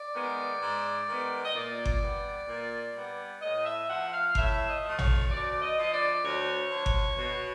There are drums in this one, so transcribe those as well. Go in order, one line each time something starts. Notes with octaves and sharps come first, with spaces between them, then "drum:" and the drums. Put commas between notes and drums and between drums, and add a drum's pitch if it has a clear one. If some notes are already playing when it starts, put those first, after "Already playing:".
Already playing: D5
D#3 G#3 B3
G#2
D#3 G#3 B3
D#5
A#2 D5
drum: kick G1
G3 B3
A#2
G3 B3
A2 D#5
E5
F3 A3 F#5
F5
A2 E5, drum: kick G1
D#5
F3 A3
C#5, drum: tom
D2 D5
D#5
D3 F3 D#5
D5
D2 C#5
D3 F3
drum: kick G1
B2